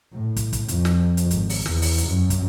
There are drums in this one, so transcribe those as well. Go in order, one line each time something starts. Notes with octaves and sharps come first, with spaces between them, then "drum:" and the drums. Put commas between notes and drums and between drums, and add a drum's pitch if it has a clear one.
A2
drum: kick, hi-hat
drum: kick, hi-hat
F2, drum: hi-hat
drum: snare
drum: hi-hat
G#1, drum: hi-hat
drum: open hi-hat
E2, drum: snare
drum: open hi-hat
drum: hi-hat
F#2
drum: kick, hi-hat